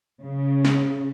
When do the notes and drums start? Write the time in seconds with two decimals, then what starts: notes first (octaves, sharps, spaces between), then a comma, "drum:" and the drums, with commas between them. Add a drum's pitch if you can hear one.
0.24 C#3
0.65 drum: snare